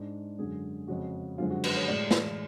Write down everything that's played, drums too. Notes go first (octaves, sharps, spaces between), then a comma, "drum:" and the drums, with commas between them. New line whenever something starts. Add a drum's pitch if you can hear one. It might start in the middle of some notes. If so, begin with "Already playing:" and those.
Already playing: G#2 G#3 D4
F#2 D3 G#3 G#4
F2 C#3 G#3 F#4
F#2 D3 F3 G#3 F4
F#4
B4, drum: cymbal
C#5
A2 G#3 D5
drum: snare